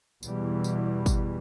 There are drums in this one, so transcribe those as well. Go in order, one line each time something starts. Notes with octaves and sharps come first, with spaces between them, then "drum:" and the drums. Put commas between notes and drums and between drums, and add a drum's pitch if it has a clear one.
E2 B2 E3 G3, drum: tambourine
drum: tambourine
drum: kick, tambourine